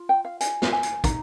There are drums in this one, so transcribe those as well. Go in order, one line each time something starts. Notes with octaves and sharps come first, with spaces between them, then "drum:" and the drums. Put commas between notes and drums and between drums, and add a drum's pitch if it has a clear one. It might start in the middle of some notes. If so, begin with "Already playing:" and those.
Already playing: F4
G5
F5
G#5, drum: hi-hat
drum: snare
G#5
drum: hi-hat
D#4 A#5, drum: kick, hi-hat